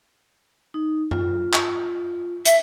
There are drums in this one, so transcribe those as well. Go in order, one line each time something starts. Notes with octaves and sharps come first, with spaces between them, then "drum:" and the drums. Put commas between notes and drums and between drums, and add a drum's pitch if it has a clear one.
D#4
F4, drum: tom F#2
drum: clap
E5, drum: hi-hat